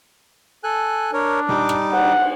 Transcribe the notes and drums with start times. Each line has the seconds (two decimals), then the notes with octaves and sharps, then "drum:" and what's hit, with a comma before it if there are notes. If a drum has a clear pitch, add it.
0.64 A4 G#5 F#6
1.13 D4 A#4 C#5
1.49 G3 D#4 D6, drum: tom A#2
1.69 drum: rim click
1.93 F#5, drum: cymbal